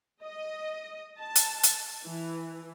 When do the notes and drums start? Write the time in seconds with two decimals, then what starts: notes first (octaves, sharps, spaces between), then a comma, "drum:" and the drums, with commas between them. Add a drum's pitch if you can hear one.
0.23 D#5
1.19 A5
1.36 drum: hi-hat
1.64 drum: hi-hat
2.06 E3